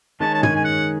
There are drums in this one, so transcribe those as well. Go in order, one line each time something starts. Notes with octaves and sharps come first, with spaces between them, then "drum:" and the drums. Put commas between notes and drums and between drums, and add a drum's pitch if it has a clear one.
D#3 G#3 C#4 G#4 C#5 A5
A5
G#5, drum: tom
G#5
F#5